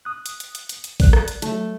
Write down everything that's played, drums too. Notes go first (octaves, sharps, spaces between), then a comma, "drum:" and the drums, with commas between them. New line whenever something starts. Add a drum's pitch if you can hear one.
D#6 F#6
drum: hi-hat
drum: hi-hat
drum: hi-hat
drum: hi-hat
drum: hi-hat
D5 F#6, drum: kick, open hi-hat
drum: rim click
drum: hi-hat
F#3 A3, drum: hi-hat